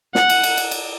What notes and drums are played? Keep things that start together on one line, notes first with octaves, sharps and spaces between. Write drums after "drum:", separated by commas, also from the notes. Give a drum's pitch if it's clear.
F#5, drum: snare
drum: cymbal
drum: cymbal
drum: cymbal
drum: cymbal